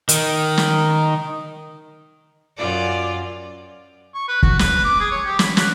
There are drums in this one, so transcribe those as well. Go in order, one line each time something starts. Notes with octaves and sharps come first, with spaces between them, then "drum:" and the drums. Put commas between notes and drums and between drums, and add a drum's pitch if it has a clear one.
D#3, drum: hi-hat
drum: snare
F#2 F4 D5
C#6
B4
F#4, drum: kick
B4, drum: snare
D6
G#4
C#5
G4
B5, drum: snare
F#4, drum: snare